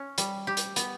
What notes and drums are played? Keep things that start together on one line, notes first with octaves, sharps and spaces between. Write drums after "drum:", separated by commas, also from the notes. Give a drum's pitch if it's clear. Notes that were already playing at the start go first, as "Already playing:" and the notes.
Already playing: C#4
G3, drum: hi-hat
G4
drum: hi-hat
B3, drum: hi-hat